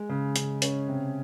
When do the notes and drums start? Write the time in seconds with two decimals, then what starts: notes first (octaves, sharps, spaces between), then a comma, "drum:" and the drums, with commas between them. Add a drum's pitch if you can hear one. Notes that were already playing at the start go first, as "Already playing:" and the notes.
Already playing: G#3
0.09 C#3
0.36 C#3, drum: hi-hat
0.62 C#4, drum: hi-hat
0.88 C3